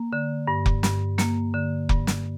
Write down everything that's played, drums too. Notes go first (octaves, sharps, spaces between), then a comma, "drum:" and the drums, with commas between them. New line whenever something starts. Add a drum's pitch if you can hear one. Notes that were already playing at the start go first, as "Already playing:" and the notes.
Already playing: A#3
D3
G2
drum: kick F1
G2, drum: snare
A#3, drum: snare
D3
G2, drum: kick F1
drum: snare